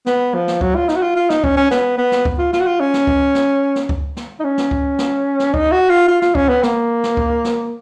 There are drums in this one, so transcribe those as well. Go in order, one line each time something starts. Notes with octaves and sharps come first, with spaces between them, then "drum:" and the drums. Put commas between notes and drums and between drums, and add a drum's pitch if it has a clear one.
B3, drum: snare
F3
drum: snare
F#3, drum: kick C#2
F4
D#4, drum: snare
F#4
F4
F4
D#4, drum: snare
C#4, drum: kick C#2
C#4
B3, drum: snare
B3
drum: snare
drum: kick C#2
F4
F4, drum: snare
F#4
F4
C#4
drum: snare
drum: kick C#2
drum: snare
drum: snare
drum: kick C#2
drum: snare
D#4
C#4
drum: snare
drum: kick C#2
drum: snare
drum: snare
D#4, drum: kick C#2
F#4
F4
F4
F4, drum: snare
C#4, drum: kick C#2
B3
A#3, drum: snare
drum: snare
drum: kick C#2
drum: snare